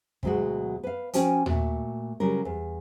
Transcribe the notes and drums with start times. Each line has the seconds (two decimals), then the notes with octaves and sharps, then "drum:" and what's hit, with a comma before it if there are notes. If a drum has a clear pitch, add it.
0.23 D2 B2 F#3 G#3 F#4, drum: kick
0.83 B4 F5
1.13 F3 C#4 F#4 G5 G#5, drum: hi-hat
1.46 A#2 A3 F#4, drum: tom D#2
2.20 C#3 F#3 G3 A#4
2.45 E2